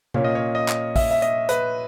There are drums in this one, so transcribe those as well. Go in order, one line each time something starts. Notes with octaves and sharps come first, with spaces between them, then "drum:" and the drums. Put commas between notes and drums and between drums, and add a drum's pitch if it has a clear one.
A#2 A#3 C#4 C#5, drum: tom C3
D#5
C#5
D#5
drum: clap
E5, drum: kick, open hi-hat
E5
D#5, drum: hi-hat
B4, drum: hi-hat